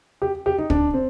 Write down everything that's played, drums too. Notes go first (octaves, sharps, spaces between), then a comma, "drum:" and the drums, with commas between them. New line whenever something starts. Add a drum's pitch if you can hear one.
G4
G4
D#4
D4, drum: kick
C4